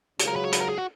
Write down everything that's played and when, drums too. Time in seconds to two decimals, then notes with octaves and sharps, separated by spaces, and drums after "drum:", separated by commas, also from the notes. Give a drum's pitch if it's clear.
0.19 C#2 C#3 F#3, drum: hi-hat
0.27 A#4
0.36 B4
0.44 C#5
0.53 B4, drum: hi-hat
0.61 A#4
0.69 G#4
0.78 F#4